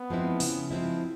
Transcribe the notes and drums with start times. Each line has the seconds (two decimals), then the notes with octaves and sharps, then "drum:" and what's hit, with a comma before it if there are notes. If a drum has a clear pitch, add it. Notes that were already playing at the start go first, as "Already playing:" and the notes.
Already playing: B3
0.10 F3 G#3 C4 E4
0.40 C#3, drum: open hi-hat
0.71 F3 G#3 C4 E4